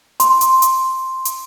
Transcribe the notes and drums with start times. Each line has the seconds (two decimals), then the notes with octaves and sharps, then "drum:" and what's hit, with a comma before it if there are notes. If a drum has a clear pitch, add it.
0.20 C6, drum: hi-hat
0.41 drum: hi-hat
0.62 drum: hi-hat
1.25 drum: hi-hat